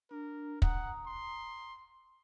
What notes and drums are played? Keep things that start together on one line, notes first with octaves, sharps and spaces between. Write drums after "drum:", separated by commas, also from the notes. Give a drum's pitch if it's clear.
D4 A#4
F#5 A#5 D#6, drum: kick
C6